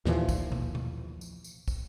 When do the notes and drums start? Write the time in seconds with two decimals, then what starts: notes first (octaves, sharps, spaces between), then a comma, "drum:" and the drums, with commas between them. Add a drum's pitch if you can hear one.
0.05 D#2 A#2 E3 F3, drum: snare
0.29 drum: kick, tambourine
0.52 drum: tom B2
0.75 drum: tom B2
1.21 drum: tambourine
1.44 drum: tambourine
1.68 drum: kick, tambourine